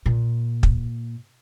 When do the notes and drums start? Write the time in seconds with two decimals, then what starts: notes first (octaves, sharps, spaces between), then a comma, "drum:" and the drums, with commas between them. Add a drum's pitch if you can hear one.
0.06 A#2
0.63 drum: kick